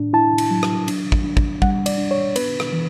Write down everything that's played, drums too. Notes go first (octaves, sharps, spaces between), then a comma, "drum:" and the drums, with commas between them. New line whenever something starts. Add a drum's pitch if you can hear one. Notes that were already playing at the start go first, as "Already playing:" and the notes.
Already playing: A2 D4
E4 A5
drum: cymbal
F#3
drum: rim click
D4, drum: cymbal
drum: kick
D4
drum: kick
G3 F#5, drum: kick
D5, drum: cymbal
D4
C#5
B3 B4, drum: cymbal
drum: rim click
E3